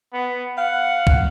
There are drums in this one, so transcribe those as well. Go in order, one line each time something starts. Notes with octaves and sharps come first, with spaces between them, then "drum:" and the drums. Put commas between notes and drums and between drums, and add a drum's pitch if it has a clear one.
B3
F5 F#5
drum: kick B1